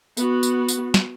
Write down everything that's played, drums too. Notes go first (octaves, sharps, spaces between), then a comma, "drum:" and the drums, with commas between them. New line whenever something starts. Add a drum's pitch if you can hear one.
B3 F#4, drum: tambourine
drum: tambourine
drum: tambourine
drum: snare